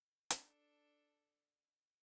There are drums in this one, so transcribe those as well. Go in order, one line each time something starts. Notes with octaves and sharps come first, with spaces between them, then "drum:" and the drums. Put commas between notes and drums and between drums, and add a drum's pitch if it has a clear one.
D4 A4, drum: hi-hat